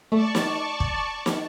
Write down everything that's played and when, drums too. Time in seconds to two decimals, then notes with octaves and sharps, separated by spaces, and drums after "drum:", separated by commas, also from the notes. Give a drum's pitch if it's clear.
0.12 A3 D5 A5 C#6
0.35 drum: snare
0.80 drum: kick
1.26 drum: snare